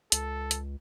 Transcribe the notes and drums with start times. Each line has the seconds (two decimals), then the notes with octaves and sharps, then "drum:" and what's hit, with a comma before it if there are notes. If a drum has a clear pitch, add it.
0.12 C#2 A4, drum: hi-hat
0.51 drum: hi-hat